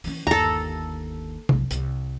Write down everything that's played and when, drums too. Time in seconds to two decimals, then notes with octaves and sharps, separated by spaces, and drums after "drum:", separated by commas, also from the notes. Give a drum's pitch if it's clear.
0.04 E3 C#4, drum: open hi-hat
0.27 G1 D#2 A4 A#5
1.49 B1 F2, drum: tom C3
1.71 C2, drum: hi-hat